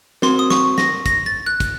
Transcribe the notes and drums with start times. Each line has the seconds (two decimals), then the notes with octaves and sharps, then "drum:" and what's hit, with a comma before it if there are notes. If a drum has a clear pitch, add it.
0.22 C4 F#4 A#4 C6, drum: snare
0.39 D#6
0.50 C#6, drum: snare
0.78 A#6, drum: snare
1.06 A#6, drum: kick, hi-hat
1.26 A6
1.46 F#6
1.60 drum: kick, hi-hat